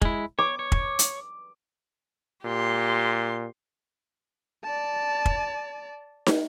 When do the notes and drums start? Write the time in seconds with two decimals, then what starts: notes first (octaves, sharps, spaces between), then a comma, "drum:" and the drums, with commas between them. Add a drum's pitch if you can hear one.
0.02 G#3 E4, drum: kick
0.39 C#5 D6
0.59 C#5
0.72 drum: kick
0.99 drum: hi-hat
2.45 A#2 G4 C6
4.64 D5 A5
5.25 drum: kick
6.26 drum: snare